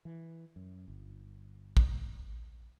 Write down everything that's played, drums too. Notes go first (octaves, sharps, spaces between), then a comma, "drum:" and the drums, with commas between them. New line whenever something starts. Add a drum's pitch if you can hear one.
E3
F#2
G1
drum: kick